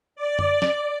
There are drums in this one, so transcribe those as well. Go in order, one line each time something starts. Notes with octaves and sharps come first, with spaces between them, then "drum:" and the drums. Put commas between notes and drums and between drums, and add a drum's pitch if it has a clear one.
D5
drum: tom F#2
drum: snare